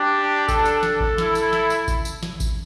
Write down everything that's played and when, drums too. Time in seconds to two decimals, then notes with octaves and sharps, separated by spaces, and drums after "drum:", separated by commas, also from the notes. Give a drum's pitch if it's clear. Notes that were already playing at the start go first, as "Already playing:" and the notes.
Already playing: D4 G4
0.48 A4, drum: kick A1, tambourine
0.65 drum: tambourine
0.83 drum: snare
1.00 drum: kick A1
1.18 E4, drum: snare
1.35 drum: tambourine
1.53 drum: snare
1.70 drum: tambourine
1.88 drum: kick A1, tambourine
2.05 drum: tambourine
2.23 drum: snare
2.40 drum: kick A1, tambourine